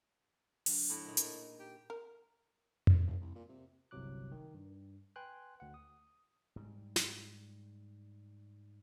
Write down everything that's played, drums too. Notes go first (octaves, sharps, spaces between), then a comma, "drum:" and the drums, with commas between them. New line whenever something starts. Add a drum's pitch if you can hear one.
D3 F#3, drum: open hi-hat
A2
A#2 G#3 D#4
drum: hi-hat
G4
A#4
drum: tom F2
F1
C2
A#2
C3
G1 C2 C3 F#3 D6 F#6
D#3
G2
B4 G5 G#5 C6 F#6
D2 F#5
D#6
G#2 G3
drum: snare